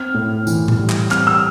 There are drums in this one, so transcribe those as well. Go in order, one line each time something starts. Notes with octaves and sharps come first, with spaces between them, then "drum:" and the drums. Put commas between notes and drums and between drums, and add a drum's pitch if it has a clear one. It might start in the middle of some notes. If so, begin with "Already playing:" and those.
Already playing: C4 F6
A2
E3, drum: tambourine
drum: tom A2
G3
drum: clap
C4 F6, drum: clap
E6